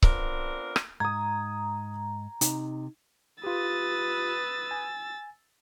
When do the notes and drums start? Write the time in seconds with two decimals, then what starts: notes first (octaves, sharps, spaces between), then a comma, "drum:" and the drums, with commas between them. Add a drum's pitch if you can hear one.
0.02 B3 C4 D4 F4 A#4, drum: kick C#1
0.76 drum: rim click
1.00 G#2 A#5 D#6 G#6
2.41 C3 D#4, drum: hi-hat
3.44 F4 G4 B4 D#6 E6 A6
4.71 G#5